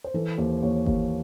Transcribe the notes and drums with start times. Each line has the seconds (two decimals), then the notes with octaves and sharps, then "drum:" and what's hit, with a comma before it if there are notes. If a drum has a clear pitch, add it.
0.04 C5
0.14 E3 A4
0.38 D#2 C5
0.62 D#2 C#5
0.86 D#2, drum: kick G1